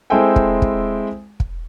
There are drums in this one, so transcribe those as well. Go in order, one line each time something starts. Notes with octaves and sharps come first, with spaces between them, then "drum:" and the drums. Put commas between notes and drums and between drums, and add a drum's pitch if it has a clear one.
G#3 C4 E4 A4 G5 G#5
drum: kick
drum: kick
drum: kick